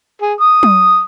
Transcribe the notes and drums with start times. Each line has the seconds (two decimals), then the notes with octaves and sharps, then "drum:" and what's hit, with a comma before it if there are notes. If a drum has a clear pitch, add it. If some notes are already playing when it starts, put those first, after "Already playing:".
0.22 G#4
0.40 D#6
0.63 drum: tom F#3